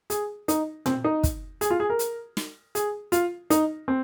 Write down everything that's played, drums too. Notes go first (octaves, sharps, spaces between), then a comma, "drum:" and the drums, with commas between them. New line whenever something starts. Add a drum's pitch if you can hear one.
G#4, drum: hi-hat
D#4, drum: hi-hat
C4, drum: tom A#2
D#4
drum: kick, hi-hat
G#4, drum: hi-hat
F4
G#4
A#4
drum: hi-hat
drum: snare
G#4, drum: hi-hat
F4, drum: hi-hat
D#4, drum: hi-hat
C4